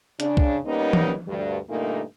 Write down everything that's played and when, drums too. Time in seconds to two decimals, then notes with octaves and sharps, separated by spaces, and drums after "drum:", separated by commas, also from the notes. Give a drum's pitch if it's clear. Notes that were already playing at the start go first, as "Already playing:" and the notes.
0.20 C#3 D4, drum: hi-hat
0.37 drum: kick C2
0.66 G3 A#3 B3 C#4 D#4
0.93 drum: tom E3
1.28 D2 G2
1.70 G2 A#2 D3 A3 A#3 D#4